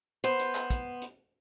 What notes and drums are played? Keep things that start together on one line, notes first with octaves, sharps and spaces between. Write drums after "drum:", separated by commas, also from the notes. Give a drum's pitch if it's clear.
B3 C5
drum: hi-hat
drum: clap
drum: kick, hi-hat
drum: hi-hat